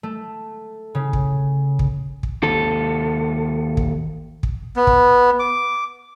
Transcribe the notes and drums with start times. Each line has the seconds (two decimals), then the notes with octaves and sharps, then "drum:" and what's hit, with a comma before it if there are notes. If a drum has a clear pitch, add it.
0.03 A3
0.95 C#3
1.13 drum: kick
1.79 drum: kick
2.23 drum: kick
2.43 D#2 A4
3.77 drum: kick
4.43 drum: kick
4.76 B3
4.87 drum: kick
5.40 D6